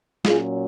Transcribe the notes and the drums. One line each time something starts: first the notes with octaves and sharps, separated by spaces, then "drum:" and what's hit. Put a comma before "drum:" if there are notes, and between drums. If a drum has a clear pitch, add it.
A#2 F#3 C#4 F4 G#4, drum: snare